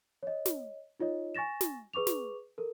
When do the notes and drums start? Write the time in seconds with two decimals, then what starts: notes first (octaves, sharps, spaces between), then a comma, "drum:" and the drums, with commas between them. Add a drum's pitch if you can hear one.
0.23 C#5 D#5
0.46 drum: snare
1.00 D#4 F4 C#5 D#5
1.35 G#5 C#6 A6 A#6 E7
1.61 drum: snare
1.93 G#4 B4 C#6 D6 F7
2.07 drum: snare
2.58 A4 A#4